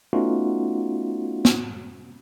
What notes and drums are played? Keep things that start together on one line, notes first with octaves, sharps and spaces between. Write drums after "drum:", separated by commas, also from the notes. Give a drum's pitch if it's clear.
A3 B3 C#4 D#4 F4 F#4
drum: snare